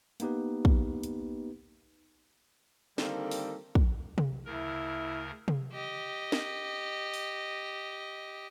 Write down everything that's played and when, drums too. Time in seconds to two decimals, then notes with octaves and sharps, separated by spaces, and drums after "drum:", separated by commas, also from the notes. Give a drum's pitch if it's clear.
0.20 A#3 B3 D#4 G4 B4, drum: hi-hat
0.65 drum: kick
1.03 drum: hi-hat
2.98 D3 D#3 G3 A#3 C4 A4, drum: snare
3.31 drum: open hi-hat
3.75 drum: kick
4.18 drum: tom C3
4.45 D2 C#3 E4 A#4
5.48 drum: tom C3
5.72 G4 D#5
6.32 drum: snare
7.14 drum: open hi-hat